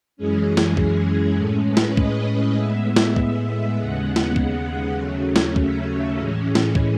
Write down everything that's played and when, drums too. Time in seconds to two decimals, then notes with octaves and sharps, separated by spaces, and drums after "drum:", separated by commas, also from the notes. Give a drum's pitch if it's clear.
0.17 F#2 E3 G#3 C#4 G#4
0.57 drum: snare
0.77 drum: kick
1.37 A2 G#3 C#4 A4
1.67 B4
1.77 drum: snare
1.97 D#5, drum: kick
2.56 A2 G#3 B3 E5
2.96 drum: snare
3.16 drum: kick
3.76 D#2 C#3 G#3 B3 F#5
4.16 drum: snare
4.36 drum: kick
4.96 D#2 C#3 F#3 A3 C#4
5.36 drum: snare
5.56 E5, drum: kick
6.15 A2 E3 G#3 C#4
6.55 drum: snare
6.75 drum: kick